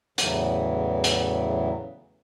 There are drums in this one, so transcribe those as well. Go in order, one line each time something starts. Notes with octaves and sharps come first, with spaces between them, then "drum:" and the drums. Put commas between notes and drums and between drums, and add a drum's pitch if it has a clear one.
E2 A2 C#3 E3 F#3, drum: hi-hat
drum: hi-hat